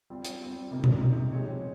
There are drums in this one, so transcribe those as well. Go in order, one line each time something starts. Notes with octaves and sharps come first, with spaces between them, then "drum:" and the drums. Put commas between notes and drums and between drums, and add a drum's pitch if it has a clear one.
G3 C4 F4
drum: hi-hat
G3 C4 F4
C3 G3 A#3 D#4
drum: tom B2
C3 G3 A#3 D#4
F3 G#3 C4 G4 C#5